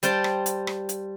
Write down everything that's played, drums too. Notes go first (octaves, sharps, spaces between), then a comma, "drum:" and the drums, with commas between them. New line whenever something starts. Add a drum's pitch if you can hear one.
G3 C5 G5 A5, drum: hi-hat
drum: rim click
drum: hi-hat
drum: rim click
drum: hi-hat